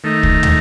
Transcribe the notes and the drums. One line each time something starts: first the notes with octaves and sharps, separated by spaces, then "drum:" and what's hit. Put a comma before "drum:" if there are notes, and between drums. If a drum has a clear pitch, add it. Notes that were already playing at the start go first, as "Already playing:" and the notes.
D#3 A3 D#4
drum: kick
drum: tom